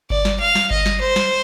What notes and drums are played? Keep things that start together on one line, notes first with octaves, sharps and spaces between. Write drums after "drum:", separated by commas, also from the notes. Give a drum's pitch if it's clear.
D5, drum: kick G1
drum: snare
F5
drum: snare
D#5, drum: kick G1
drum: snare
C5
drum: snare